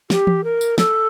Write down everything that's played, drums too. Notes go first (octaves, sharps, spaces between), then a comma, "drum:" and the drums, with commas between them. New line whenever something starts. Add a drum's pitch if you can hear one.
G4, drum: snare
drum: tom E3
A#4
drum: tambourine
A4, drum: snare